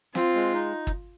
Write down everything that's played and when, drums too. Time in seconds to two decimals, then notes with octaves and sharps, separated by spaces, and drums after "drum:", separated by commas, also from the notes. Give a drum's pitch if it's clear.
0.15 C4 F4, drum: snare
0.35 G#3
0.54 D#4
0.87 drum: kick